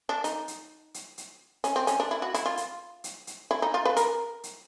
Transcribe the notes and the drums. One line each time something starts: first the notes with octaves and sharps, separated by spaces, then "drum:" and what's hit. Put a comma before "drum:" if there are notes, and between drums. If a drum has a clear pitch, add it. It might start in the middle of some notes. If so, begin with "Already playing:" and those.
D4
D#4, drum: hi-hat
drum: hi-hat
drum: hi-hat
drum: hi-hat
C#4, drum: hi-hat
C4
C#4, drum: hi-hat
D4
E4
F#4
E4, drum: hi-hat
F4
drum: hi-hat
drum: hi-hat
drum: hi-hat
E4
D#4
F4
B4
A#4, drum: hi-hat
drum: hi-hat